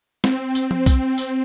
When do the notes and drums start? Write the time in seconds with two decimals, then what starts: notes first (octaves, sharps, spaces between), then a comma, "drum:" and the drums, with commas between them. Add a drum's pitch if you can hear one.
0.24 C4, drum: snare
0.55 drum: tambourine
0.71 drum: tom
0.86 drum: kick B1, tambourine
1.18 drum: tambourine